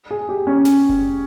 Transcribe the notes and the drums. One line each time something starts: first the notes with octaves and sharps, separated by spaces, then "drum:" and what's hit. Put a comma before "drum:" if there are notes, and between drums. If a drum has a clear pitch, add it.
G#4
G4
C#4
drum: snare
drum: kick F1